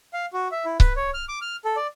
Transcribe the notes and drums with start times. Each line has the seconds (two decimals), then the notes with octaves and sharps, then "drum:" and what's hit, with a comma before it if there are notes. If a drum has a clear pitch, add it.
0.13 F5
0.33 F#4
0.51 E5
0.65 E4
0.80 B4, drum: kick C#1
0.96 C#5
1.14 F6
1.29 D6
1.41 F6
1.65 A4
1.76 D5